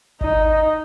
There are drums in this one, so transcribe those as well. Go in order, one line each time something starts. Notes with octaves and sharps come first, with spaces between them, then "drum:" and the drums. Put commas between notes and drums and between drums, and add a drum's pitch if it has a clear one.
D#4, drum: kick G1